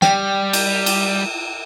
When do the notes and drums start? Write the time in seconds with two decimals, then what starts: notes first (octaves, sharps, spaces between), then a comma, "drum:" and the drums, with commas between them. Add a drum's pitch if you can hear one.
0.02 G3 G5, drum: snare
0.53 drum: cymbal
0.86 drum: cymbal